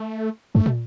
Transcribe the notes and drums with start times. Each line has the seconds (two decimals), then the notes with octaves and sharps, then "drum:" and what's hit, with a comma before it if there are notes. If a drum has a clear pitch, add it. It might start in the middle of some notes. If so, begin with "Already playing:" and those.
Already playing: A3
0.55 G2 A3
0.66 drum: tom